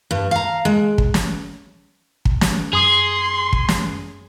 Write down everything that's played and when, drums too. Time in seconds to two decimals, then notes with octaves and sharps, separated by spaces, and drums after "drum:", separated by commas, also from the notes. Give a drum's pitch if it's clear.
0.11 G2
0.31 F5 A#5
0.65 G#3
0.98 drum: kick
1.14 drum: snare
2.25 drum: kick
2.41 drum: snare
2.73 F#2 G#4 C6 D#6
3.53 drum: kick
3.69 drum: snare